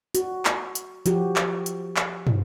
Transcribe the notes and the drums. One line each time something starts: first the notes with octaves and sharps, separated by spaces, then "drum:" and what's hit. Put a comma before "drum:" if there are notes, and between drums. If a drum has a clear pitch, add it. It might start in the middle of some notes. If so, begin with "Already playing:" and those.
F#4, drum: hi-hat
drum: clap
drum: hi-hat
F3 F#4 G4, drum: hi-hat
drum: clap
drum: hi-hat
drum: clap
drum: tom